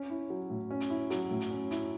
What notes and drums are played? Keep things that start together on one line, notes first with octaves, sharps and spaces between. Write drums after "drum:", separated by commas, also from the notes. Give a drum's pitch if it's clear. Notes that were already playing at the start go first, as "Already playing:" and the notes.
Already playing: C#4
E4
F#3
A2
C#4
drum: hi-hat
E4
F#3, drum: hi-hat
A2
drum: hi-hat
C#4
E4, drum: hi-hat